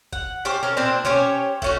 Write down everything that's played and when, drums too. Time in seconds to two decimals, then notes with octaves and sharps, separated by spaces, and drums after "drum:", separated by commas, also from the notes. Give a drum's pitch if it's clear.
0.13 F#5, drum: kick
0.45 C#4 G4 C5 A5
0.63 C#4 A4 A#4
0.77 A#2 C4 D4 C5
1.05 C#4 G4 C5 C#5, drum: tom B2
1.62 A3 C#4 F#4, drum: kick